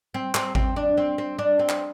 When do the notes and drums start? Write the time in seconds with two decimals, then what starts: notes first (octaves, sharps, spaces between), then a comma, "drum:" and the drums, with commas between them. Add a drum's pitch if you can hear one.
0.14 C4
0.35 C4, drum: clap
0.55 C4, drum: kick G#1
0.76 D4
0.97 C4
1.18 C4
1.39 D4
1.59 C4
1.69 drum: clap